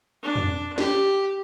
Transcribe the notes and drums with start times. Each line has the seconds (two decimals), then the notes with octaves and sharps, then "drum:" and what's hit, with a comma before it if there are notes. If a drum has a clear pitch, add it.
0.23 D4
0.36 drum: tom F2
0.78 G4, drum: snare